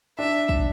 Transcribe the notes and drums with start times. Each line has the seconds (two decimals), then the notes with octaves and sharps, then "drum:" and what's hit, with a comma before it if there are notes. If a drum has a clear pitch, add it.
0.18 D4 E5
0.49 drum: kick